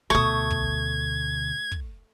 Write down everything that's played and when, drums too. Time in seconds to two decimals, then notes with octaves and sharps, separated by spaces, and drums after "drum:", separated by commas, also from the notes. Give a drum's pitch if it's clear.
0.10 D2 B2 A3 C#6 D#6 G#6
0.51 drum: kick
1.72 drum: kick